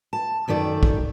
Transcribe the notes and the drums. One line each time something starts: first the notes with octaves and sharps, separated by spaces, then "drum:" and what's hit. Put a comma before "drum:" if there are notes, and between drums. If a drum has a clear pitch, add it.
A5
F#2 D#3 A3 D5
drum: kick